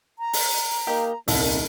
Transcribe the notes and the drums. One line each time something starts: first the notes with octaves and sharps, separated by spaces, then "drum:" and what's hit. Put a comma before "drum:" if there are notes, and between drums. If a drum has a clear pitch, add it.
A#5
drum: open hi-hat
A#3 D#4 G4
D#1 C2 D#3 E4 A4 A#4, drum: open hi-hat